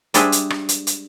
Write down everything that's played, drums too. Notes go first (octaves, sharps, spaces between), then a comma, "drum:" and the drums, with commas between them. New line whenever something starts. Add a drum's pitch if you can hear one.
G3 G#3 D4 G#4 C5 E5, drum: hi-hat
drum: hi-hat
drum: rim click
drum: hi-hat
drum: hi-hat